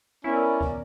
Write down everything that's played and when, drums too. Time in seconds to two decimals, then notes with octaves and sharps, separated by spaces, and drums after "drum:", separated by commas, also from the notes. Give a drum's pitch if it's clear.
0.24 B3 C#4 E4 A#4 D5
0.61 drum: kick D2